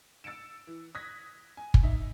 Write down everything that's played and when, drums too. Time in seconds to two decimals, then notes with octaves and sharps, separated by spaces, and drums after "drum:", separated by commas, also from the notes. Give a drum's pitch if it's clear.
0.24 E6 A6 C#7 D7 E7
0.67 E3
0.95 D#6 F#6 G#6 A#6 B6
1.57 G#5
1.74 drum: kick
1.83 D#4 E5